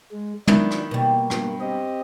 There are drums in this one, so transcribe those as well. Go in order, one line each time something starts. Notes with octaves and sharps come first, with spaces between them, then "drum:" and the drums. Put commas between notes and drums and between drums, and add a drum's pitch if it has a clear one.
G#3
D#3 B3 D4 E4, drum: tom
drum: rim click
B2 G3 A#3
G2, drum: rim click
C4 G4 D#5